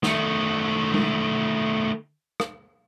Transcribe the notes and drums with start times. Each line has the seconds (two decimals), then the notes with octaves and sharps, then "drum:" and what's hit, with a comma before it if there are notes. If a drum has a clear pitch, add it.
0.03 D#3 A3, drum: snare
0.94 drum: tom G#3
2.40 drum: rim click